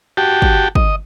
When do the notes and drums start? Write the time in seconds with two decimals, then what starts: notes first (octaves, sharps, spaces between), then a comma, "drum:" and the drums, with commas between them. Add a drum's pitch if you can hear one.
0.17 F#4 G4 G5 A5
0.42 drum: kick
0.75 D#5, drum: kick